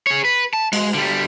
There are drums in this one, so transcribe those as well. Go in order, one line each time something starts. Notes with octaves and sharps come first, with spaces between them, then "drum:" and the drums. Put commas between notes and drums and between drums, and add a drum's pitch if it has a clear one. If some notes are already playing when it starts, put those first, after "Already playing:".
G#4 C#5
B4
A5
G#3, drum: cymbal
D3 G3